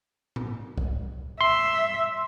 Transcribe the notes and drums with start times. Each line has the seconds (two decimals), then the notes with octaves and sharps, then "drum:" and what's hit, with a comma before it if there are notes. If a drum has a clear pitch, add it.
0.36 drum: tom A2
0.78 drum: kick C2
1.41 E5 C6